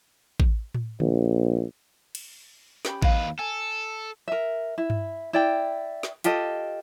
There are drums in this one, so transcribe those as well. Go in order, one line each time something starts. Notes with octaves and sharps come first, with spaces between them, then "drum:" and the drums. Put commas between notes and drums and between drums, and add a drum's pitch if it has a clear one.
drum: kick A1
drum: tom A2
A#1, drum: tom D3
drum: cymbal
C#4 G4 B5, drum: snare
D#2 B4 D#5 F5, drum: kick A1
A4 G#5
A#4 E5
E4
drum: tom G2
E4 D5 G5
drum: snare
F4 G4 A4 D#5, drum: hi-hat